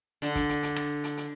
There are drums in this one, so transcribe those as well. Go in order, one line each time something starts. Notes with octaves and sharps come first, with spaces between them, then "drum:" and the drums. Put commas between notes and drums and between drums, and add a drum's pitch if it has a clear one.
D3, drum: hi-hat
drum: kick, hi-hat
drum: hi-hat
drum: hi-hat
drum: rim click
drum: hi-hat
drum: hi-hat